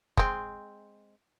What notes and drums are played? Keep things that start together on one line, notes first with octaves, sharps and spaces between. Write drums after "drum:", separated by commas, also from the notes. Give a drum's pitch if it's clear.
G#3 C4, drum: kick